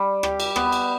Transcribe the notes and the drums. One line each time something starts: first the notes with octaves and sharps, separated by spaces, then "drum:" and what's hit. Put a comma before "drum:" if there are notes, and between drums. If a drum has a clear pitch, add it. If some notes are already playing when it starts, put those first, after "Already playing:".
Already playing: G3
G4, drum: rim click
drum: cymbal
B3, drum: rim click
drum: cymbal